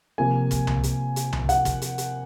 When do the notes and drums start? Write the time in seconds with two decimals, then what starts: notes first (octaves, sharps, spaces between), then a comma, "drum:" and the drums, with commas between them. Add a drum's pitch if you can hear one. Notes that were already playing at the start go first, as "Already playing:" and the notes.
0.18 C3 F3 A#3 G#5
0.51 drum: kick, hi-hat
0.67 drum: tom C2
0.83 drum: hi-hat
1.16 drum: hi-hat
1.33 drum: tom C2
1.49 F#5, drum: hi-hat
1.65 drum: kick, hi-hat
1.82 drum: hi-hat
1.98 drum: hi-hat